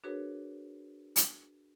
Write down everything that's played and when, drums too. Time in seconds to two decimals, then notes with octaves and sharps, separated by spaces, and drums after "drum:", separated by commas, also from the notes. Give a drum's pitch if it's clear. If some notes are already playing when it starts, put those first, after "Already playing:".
0.04 D4 F#4 G#4 A#4 B4 C#5
1.16 drum: hi-hat